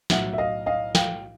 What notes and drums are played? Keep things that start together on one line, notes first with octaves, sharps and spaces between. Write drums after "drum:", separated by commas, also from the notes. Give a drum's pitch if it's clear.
B1 A2 F#3 E5 F#5, drum: snare
E5
D#5 F5
D#5 F5
F5 G5, drum: snare